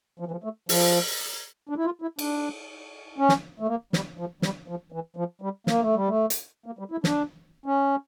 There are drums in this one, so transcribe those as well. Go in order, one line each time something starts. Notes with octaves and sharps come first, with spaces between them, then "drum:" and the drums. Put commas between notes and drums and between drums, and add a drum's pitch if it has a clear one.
F3
E3
F3
A3
F3, drum: open hi-hat
D4
E4
F4
E4
D4, drum: cymbal
C#4
drum: snare
A3
A#3
G3, drum: snare
F3
G3, drum: snare
F3
E3
F3
G3
A#3, drum: snare
A3
G3
A3
drum: hi-hat
A#3
G3
E4
D4, drum: snare
C#4